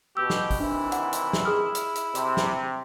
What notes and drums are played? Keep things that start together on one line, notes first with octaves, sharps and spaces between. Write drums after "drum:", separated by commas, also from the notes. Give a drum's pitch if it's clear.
B2 G4 E6
drum: snare
drum: kick, open hi-hat
C3 D#3 E3 D4 E4
F#5, drum: hi-hat
drum: hi-hat
drum: snare
G#4 D#6 F6
drum: hi-hat
drum: hi-hat
C3, drum: hi-hat
drum: snare